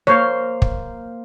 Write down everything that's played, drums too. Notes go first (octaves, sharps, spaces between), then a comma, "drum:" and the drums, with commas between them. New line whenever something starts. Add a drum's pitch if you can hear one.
A#3 C5 C#5 F5
drum: kick